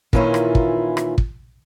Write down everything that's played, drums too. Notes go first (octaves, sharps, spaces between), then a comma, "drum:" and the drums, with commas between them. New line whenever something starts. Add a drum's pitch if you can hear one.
A#2 D#3 E3 C#4 E4 F4, drum: kick
drum: rim click
drum: kick
drum: rim click
drum: kick